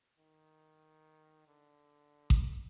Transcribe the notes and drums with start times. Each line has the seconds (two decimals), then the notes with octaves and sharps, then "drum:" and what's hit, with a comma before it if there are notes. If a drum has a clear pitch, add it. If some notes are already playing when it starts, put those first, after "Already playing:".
0.18 D#3
1.48 D3
2.30 drum: kick A1